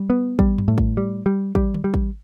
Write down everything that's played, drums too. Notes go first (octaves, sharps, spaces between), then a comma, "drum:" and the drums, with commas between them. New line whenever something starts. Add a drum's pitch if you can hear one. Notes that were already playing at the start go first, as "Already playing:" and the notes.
Already playing: G3
B3
G3, drum: kick
drum: tom F#2
A2
drum: kick
G3
G3
G3, drum: kick
drum: tom D3
G3
drum: kick